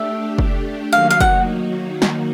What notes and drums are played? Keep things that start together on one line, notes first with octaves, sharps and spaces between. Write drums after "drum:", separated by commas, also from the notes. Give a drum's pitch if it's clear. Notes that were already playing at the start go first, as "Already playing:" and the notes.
Already playing: A3 D4 G4 E5
drum: kick
D#3 F#3 A#3 D#4 F#4 F5
F5
F#5, drum: kick
drum: snare